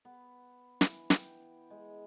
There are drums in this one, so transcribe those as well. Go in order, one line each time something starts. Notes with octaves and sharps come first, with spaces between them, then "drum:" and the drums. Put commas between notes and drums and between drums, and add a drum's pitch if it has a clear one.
B3
E3, drum: snare
G5, drum: snare
G#3